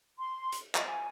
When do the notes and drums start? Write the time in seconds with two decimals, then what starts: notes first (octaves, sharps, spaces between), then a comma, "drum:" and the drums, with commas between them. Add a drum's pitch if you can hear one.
0.19 C6
0.52 drum: hi-hat
0.75 D#5, drum: clap
0.87 G#5